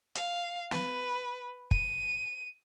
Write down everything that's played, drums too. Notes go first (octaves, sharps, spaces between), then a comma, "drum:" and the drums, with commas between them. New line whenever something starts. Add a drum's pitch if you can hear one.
F5, drum: hi-hat
B4, drum: snare
D#7, drum: kick